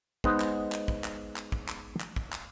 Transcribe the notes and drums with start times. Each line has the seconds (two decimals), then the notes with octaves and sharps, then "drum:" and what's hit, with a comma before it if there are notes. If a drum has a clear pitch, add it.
0.24 G#3 B3 D#4 C5 F#5, drum: kick
0.40 drum: clap
0.72 drum: clap
0.88 drum: kick
1.04 drum: clap
1.36 drum: clap
1.52 drum: kick
1.68 drum: clap
2.00 drum: clap
2.16 drum: kick
2.32 drum: clap